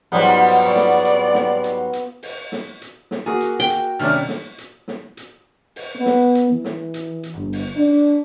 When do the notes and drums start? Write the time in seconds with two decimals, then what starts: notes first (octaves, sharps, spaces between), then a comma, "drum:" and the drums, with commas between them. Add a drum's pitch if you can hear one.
0.12 G#2 F#3 G3 B3 F4
0.46 drum: open hi-hat
0.65 D5 C#6
0.75 drum: snare
1.05 drum: hi-hat
1.34 drum: snare
1.64 drum: hi-hat
1.93 drum: hi-hat
2.23 drum: open hi-hat
2.52 drum: snare
2.81 drum: hi-hat
3.11 drum: snare
3.26 A#3 F#4 G#4
3.40 drum: hi-hat
3.60 G5
3.70 drum: hi-hat
3.99 G2 C3 D#3 A3 C#4 D4, drum: open hi-hat
4.29 drum: snare
4.58 drum: hi-hat
4.88 drum: snare
5.17 drum: hi-hat
5.76 drum: open hi-hat
5.96 B3
6.05 drum: snare
6.35 drum: hi-hat
6.51 E3
6.64 drum: snare
6.94 drum: hi-hat
7.23 drum: hi-hat
7.36 G1
7.53 drum: open hi-hat
7.76 D4